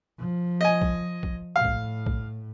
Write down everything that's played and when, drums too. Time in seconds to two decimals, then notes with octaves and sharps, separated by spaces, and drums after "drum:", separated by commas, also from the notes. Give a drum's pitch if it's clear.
0.18 F3
0.61 D#5 G#5
0.81 drum: kick
1.23 drum: kick
1.56 A2 F5
1.65 drum: kick
2.06 drum: kick